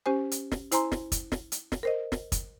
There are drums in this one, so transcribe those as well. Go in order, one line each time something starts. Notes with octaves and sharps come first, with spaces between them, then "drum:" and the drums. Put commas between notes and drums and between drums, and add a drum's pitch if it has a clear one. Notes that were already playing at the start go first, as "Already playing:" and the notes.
C#4 G4 C5 G#5
drum: hi-hat
drum: snare
E4 C5 G#5 A#5 C6, drum: hi-hat
drum: snare
drum: kick, hi-hat
drum: snare
drum: hi-hat
drum: snare
A#4 C5 D#5
drum: snare
drum: kick, hi-hat